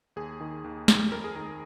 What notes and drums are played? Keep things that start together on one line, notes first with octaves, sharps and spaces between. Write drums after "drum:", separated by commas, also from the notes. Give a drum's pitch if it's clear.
D#2 G#4
D#3
D#2
D#3, drum: snare
F2 A#4
G#4
D#3 A#4